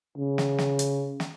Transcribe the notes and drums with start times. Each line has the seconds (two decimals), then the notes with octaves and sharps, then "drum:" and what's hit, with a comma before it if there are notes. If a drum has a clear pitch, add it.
0.18 C#3
0.38 drum: snare
0.58 drum: snare
0.79 drum: hi-hat
1.20 drum: snare